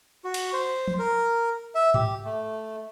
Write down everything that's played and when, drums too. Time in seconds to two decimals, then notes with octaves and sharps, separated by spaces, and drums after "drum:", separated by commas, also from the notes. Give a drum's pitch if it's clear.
0.25 F#4
0.34 drum: cymbal
0.53 C5
0.88 drum: tom
0.99 A#4
1.75 E5
1.94 G4, drum: tom G#2
2.25 A3